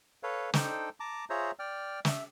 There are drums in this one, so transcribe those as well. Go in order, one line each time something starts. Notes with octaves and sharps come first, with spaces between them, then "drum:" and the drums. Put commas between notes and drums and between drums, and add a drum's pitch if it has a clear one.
A4 B4 C#5 F5
D4 D#4 A4 C5 G5, drum: snare
A5 A#5 D6
F4 G#4 C5 C#5 E5 A#5
D5 G5 F6
E5, drum: snare